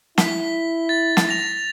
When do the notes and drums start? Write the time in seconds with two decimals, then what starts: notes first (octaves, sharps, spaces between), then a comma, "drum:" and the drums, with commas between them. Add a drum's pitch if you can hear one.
0.18 E4 B6 G7, drum: snare
0.89 A6
1.17 drum: snare
1.29 A#6 F7